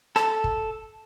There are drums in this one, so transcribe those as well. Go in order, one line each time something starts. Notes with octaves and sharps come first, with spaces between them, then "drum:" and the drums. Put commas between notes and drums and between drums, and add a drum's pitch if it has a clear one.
A4, drum: rim click
drum: kick